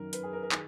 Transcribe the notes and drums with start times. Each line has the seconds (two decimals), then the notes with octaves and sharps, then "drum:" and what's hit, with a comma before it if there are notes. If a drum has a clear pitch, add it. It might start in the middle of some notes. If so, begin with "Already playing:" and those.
Already playing: F#2 D#3 A#4
0.13 B4, drum: hi-hat
0.23 G#4
0.33 A#4
0.43 A#4
0.52 D#3 G#4, drum: clap